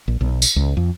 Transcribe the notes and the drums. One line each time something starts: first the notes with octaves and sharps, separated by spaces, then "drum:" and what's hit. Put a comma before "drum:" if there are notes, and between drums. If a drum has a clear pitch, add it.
A#1
B1
drum: tambourine
C#2
F2